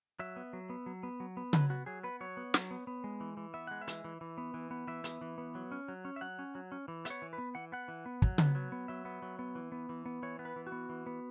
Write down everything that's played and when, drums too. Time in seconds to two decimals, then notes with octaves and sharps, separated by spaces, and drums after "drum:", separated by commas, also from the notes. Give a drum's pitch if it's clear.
0.19 F#3 E5
0.36 B3
0.53 F#3
0.70 B3
0.86 F#3
1.03 B3
1.20 F#3
1.37 B3
1.53 F#3 B4, drum: tom C#3
1.70 B3 F#4
1.86 F#3 G#4
2.03 B3 B4
2.21 F#3 C#5
2.37 B3
2.54 F#3, drum: snare
2.71 B3
2.87 B3
3.04 G#3
3.20 E3
3.37 E3
3.54 B3 E5
3.67 G#3 F#5
3.81 E5
3.88 E3, drum: hi-hat
4.04 E3
4.21 E3
4.38 B3
4.54 E3
4.71 B3
4.88 E3 E5
5.04 B3, drum: hi-hat
5.21 E3
5.38 B3
5.55 F#3
5.72 C#4
5.88 F#3
6.05 C#4
6.16 E5
6.21 F#3 F#5
6.39 C#4
6.55 F#3
6.72 C#4
6.88 E3
7.05 B3 E5, drum: hi-hat
7.10 C#5
7.22 E3
7.33 B4
7.38 B3
7.55 E3 F#5
7.72 B3 F#5
7.88 E3
8.06 B3
8.22 F#3, drum: kick
8.38 B3, drum: tom C#3
8.55 F#3
8.72 B3
8.88 F#3 E5
9.05 B3
9.22 F#3
9.39 B3
9.55 E3
9.72 B3
9.89 E3
10.06 B3
10.23 E3 C#5
10.39 B3
10.45 B4
10.56 E3
10.67 F#4
10.72 B3
10.89 E3
11.06 B3